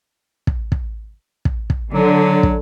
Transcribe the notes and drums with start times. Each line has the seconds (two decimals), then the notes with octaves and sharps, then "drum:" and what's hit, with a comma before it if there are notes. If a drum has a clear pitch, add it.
0.47 drum: kick
0.72 drum: kick
1.45 drum: kick
1.70 drum: kick
1.94 D3 F#3
2.43 drum: kick